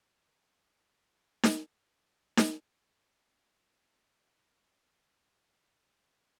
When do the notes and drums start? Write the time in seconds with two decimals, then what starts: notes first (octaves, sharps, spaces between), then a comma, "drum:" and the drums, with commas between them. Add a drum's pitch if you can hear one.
1.43 drum: snare D#4
1.71 G3 D4 A#4
2.37 drum: snare D#4
3.17 F#3 B3 C#4 F4 G4 D#5
4.90 G#5 A5
5.75 G5